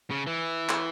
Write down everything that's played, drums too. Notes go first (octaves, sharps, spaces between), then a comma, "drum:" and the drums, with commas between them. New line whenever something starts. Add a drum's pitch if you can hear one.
C#3
E3
drum: clap